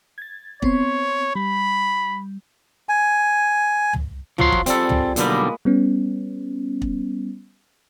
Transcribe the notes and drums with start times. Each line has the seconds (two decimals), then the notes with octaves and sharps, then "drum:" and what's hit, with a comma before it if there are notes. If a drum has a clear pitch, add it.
0.18 G#6 A6
0.62 B3 C4 C#5 C6, drum: kick
1.35 G3 B5
2.89 G#5
3.93 drum: tom
4.38 F3 F#3 F4 C6, drum: tom
4.52 drum: kick
4.66 G3 C4 G#4 A4, drum: hi-hat
4.89 drum: tom
5.16 B1 D3 G3 A#3 B4 D#5, drum: hi-hat
5.32 G#3
5.65 G3 B3 C#4
6.82 drum: kick